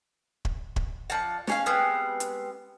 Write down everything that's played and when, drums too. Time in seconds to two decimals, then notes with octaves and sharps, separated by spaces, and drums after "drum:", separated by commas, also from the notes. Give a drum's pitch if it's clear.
0.45 drum: kick
0.76 drum: kick
1.10 F3 D5 F#5
1.47 C#4 G#4 F5, drum: snare
1.66 G3 G#3 B3 C4
2.20 drum: hi-hat